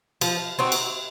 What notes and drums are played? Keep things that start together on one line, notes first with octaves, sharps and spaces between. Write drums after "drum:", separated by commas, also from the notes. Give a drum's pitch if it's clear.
F3, drum: cymbal
C4 D#4 F#4
drum: cymbal